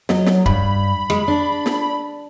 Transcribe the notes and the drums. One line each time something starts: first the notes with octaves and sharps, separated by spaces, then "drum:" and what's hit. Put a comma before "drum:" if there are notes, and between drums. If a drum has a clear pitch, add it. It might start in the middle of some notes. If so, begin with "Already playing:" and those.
F#3 D#5, drum: snare
drum: snare
G2 B5, drum: kick
G#3, drum: rim click
D4
drum: snare